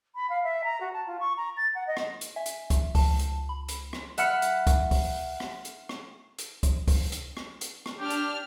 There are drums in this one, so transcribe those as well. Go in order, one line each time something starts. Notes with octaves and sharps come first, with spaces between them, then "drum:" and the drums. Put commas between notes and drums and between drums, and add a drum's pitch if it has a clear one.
B5
F5
E5
A#5
F#4
A5
F4
C#6
A#5
A6
F#5
D#5
drum: rim click
drum: hi-hat
E5 G#5
drum: hi-hat
drum: kick, hi-hat
C#2 F3 A5, drum: kick, open hi-hat
drum: hi-hat
B5
drum: hi-hat
drum: rim click
E5 F#5 B5 F6 C#7, drum: hi-hat
drum: hi-hat
drum: kick, hi-hat
drum: kick, open hi-hat
drum: rim click
drum: hi-hat
drum: rim click
drum: hi-hat
drum: kick, hi-hat
drum: kick, open hi-hat
drum: hi-hat
drum: rim click
drum: hi-hat
drum: rim click
D4 G4 F6
drum: hi-hat